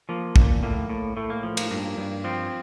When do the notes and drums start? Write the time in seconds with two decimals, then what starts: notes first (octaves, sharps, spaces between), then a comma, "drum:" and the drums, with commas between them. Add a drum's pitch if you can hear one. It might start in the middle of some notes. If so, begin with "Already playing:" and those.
0.09 F3 A#3
0.36 A#2, drum: kick
0.63 A2 A#3
0.89 A2
1.17 A2 A3
1.30 A#3
1.43 F3
1.57 A#3, drum: cymbal
1.71 G2 A#3
1.97 G2
2.24 F3 C4